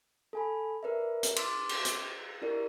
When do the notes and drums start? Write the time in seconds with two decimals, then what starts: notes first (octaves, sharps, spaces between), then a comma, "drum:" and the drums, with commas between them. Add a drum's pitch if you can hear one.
0.33 A4 G#5 B5
0.83 A#4 B4 D5 E5
1.23 drum: hi-hat
1.36 C6 D6 E6 F6 A6, drum: cymbal
1.69 drum: cymbal
1.85 drum: hi-hat
2.06 A#6
2.42 E4 G4 A#4 D5